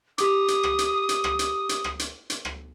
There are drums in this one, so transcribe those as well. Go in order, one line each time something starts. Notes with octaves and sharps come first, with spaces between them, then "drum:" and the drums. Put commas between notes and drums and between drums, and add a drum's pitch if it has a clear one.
G4 D6 D#6, drum: hi-hat
drum: hi-hat
drum: rim click
drum: hi-hat
drum: hi-hat
drum: rim click
drum: hi-hat
drum: hi-hat
drum: rim click
drum: hi-hat
drum: hi-hat
drum: rim click